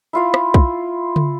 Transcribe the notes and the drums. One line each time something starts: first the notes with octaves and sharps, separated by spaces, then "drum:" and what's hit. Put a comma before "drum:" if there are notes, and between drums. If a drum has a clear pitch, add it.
E4 F4 F5
drum: rim click
drum: kick
drum: tom C#3